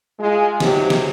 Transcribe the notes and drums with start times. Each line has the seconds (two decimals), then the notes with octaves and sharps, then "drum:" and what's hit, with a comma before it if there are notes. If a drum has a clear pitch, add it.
0.20 G#3 F4
0.60 G#2 C3 F#3 D#4 G4, drum: snare
0.90 drum: snare